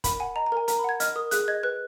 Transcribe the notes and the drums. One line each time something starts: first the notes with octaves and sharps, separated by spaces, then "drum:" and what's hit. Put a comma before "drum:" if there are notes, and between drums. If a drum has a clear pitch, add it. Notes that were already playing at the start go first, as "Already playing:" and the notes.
A#4 B5, drum: kick, hi-hat
F#5 G#5
D#5 A#5
A#5
A#4 G#5
A#4 A#5, drum: hi-hat
B5
F#5 G#6
D#5 F6, drum: hi-hat
A#4 D#6
G#4 F#6, drum: hi-hat
D#5 G#6
B4 F#6